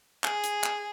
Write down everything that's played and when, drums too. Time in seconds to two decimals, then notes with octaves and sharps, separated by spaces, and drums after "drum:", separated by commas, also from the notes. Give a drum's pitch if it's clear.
0.24 G#4, drum: clap
0.44 drum: hi-hat
0.64 drum: clap